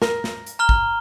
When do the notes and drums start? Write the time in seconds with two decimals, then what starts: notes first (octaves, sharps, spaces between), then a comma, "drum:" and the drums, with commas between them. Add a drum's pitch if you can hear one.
0.02 A#4, drum: snare
0.24 drum: snare
0.47 drum: hi-hat
0.59 A#5 F6 G7
0.69 drum: kick